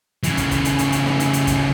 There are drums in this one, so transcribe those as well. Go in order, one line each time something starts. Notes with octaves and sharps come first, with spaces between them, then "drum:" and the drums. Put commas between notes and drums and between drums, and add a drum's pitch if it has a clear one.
C#3 E3, drum: hi-hat
drum: kick, hi-hat
drum: kick, hi-hat
drum: hi-hat
drum: hi-hat
drum: hi-hat
drum: snare
drum: hi-hat
drum: hi-hat
drum: kick, hi-hat